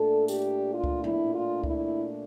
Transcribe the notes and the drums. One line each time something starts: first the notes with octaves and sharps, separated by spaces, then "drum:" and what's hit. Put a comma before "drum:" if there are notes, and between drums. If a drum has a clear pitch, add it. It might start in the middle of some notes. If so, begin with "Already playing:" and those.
Already playing: A#2 A3 D4 A4
G4, drum: tambourine
F4
drum: kick C#2
E4, drum: tom
F4
E4, drum: kick C#2